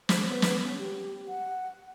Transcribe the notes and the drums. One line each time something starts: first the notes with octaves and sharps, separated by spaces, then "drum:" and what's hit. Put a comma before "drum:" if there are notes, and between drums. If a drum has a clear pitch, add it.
C5, drum: snare
B3
drum: snare
C#4
G4
F#5